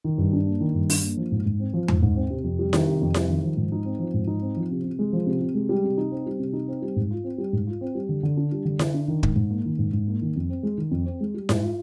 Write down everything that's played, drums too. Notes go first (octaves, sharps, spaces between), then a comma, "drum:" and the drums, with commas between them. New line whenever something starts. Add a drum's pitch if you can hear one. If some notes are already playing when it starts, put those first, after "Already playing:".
D#3
G2
D4
A#3
D#3
G2
D4, drum: open hi-hat
A#3
F3
G#2
G#2
C4
F3
G#2, drum: tom E2
G#2
C4
C3
F2
G3
D#3, drum: snare E4
C3
F2
G3, drum: snare E4
D#3
F3
G#2
D#4
C4
F3
G#2
D#4
C4
F3
C3
C3
G#3
F3
C3
C3
G#3
G3
C3
D#4
C4
G3
C3
D#4
C4
G3
G#2
F4
C4
G3
G#2
F4
C4
G3
D3
D3
D4
G3
D3
D3, drum: snare E4
D4
D#3
G#2, drum: kick
G#2
A#3
D#3
G#2
G#2
A#3
D#3
F2
C4
G#3
D#3
F2
C4
G#3
G3
G#2, drum: snare E4
F4